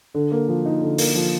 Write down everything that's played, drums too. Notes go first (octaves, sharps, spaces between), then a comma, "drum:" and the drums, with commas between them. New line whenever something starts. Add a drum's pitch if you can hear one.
D3
A#3
F3
D#4
D3
A#3, drum: open hi-hat
F3